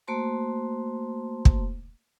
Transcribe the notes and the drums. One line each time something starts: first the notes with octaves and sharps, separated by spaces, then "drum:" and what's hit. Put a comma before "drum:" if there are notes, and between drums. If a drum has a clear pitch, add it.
A3 A#3 F#4 C5 A5 C6
drum: kick